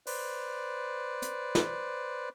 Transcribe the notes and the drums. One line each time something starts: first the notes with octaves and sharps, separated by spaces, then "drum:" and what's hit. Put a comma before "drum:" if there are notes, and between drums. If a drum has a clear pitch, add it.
B4 C5 D5, drum: open hi-hat
drum: hi-hat
drum: snare